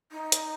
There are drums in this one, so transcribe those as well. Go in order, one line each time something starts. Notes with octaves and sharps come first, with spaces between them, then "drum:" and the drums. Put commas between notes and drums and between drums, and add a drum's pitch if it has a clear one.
D#4
drum: hi-hat